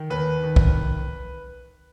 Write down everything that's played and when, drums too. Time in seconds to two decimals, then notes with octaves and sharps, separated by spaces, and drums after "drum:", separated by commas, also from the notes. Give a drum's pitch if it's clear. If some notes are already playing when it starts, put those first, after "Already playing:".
Already playing: D#3
0.10 D#2 B4
0.44 D#3
0.56 drum: kick